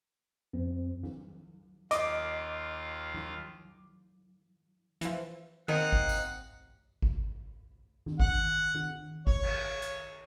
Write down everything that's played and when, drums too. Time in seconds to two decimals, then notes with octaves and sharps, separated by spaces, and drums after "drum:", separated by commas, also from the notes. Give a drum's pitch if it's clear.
0.53 F2 C4
1.03 drum: tom
1.91 D#2 F4 D#5 D6, drum: hi-hat
3.14 drum: tom
5.01 E3 F3, drum: hi-hat
5.68 D#3 A#3 C4 D#4 F#5
5.92 drum: kick G#1
6.09 drum: tambourine
7.02 drum: kick G#1
8.06 drum: tom D#3
8.20 F#5, drum: kick G#1
8.74 drum: tom D#3
9.27 C#5, drum: kick G#1
9.43 drum: cymbal
9.82 drum: hi-hat